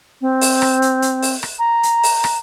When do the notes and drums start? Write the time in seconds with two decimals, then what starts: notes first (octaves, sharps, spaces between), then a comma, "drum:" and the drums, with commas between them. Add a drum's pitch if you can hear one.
0.21 C4
0.41 drum: open hi-hat
0.62 drum: rim click
0.82 drum: hi-hat
1.02 drum: hi-hat
1.22 drum: open hi-hat
1.43 drum: rim click
1.59 A#5
1.83 drum: hi-hat
2.04 drum: open hi-hat
2.24 drum: rim click